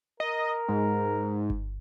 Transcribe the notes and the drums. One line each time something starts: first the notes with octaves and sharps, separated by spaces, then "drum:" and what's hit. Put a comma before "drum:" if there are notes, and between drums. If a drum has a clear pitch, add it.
A#4 D#5
G#2
drum: kick G1